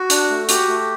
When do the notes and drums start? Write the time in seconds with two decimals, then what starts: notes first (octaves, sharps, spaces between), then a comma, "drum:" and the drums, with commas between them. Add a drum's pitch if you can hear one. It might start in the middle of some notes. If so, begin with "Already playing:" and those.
Already playing: F#4
0.10 D4, drum: hi-hat
0.30 A3
0.49 F#4 G4, drum: hi-hat
0.68 A3